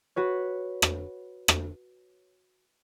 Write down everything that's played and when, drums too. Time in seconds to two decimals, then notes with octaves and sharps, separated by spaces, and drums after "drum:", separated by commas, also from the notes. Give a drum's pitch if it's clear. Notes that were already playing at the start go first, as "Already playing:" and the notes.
0.16 F#4 B4 C#5
0.82 drum: rim click
1.48 drum: rim click